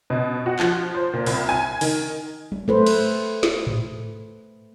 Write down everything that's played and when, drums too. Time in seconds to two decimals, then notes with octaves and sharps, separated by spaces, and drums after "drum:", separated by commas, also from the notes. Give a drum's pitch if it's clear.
0.10 B2
0.46 F#4
0.59 F3, drum: clap
0.95 C5
1.13 A#2
1.26 C2, drum: open hi-hat
1.49 G#5
1.81 D#3, drum: open hi-hat
2.52 drum: tom F#3
2.68 A3 B4 C5
2.86 drum: cymbal
3.43 drum: snare
3.67 drum: tom G#2